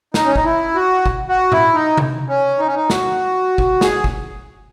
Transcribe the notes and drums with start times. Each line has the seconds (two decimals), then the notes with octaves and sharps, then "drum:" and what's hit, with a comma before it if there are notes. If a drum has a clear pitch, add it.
0.14 D#4, drum: snare
0.26 C#4
0.36 D#4, drum: kick
0.45 E4
0.75 F#4
1.06 drum: kick
1.29 F#4
1.52 E4, drum: tom A2
1.74 D#4
1.97 drum: tom C3
2.29 C#4
2.59 D#4
2.67 C#4
2.75 D#4
2.90 F#4, drum: snare
3.58 drum: kick
3.81 G#4, drum: snare
4.04 drum: kick